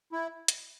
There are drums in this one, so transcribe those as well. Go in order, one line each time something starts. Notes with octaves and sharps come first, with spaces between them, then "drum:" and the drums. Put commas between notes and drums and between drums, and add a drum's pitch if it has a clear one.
E4
drum: hi-hat